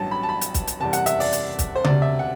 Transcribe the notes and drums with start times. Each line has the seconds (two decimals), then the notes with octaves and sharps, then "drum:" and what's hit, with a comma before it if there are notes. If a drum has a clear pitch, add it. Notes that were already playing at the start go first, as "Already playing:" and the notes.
Already playing: A1 G2 F#3 A5
0.11 B5
0.23 A5
0.29 B5
0.41 drum: hi-hat
0.54 drum: kick, hi-hat
0.67 drum: hi-hat
0.80 F#1 E2 C3 G3 A5
0.93 F#5, drum: hi-hat
1.06 E5, drum: hi-hat
1.20 D5, drum: open hi-hat
1.33 drum: hi-hat
1.59 drum: kick, hi-hat
1.75 C5
1.84 E1 D2 C3 D5, drum: tom C#3
2.02 E5
2.19 F#5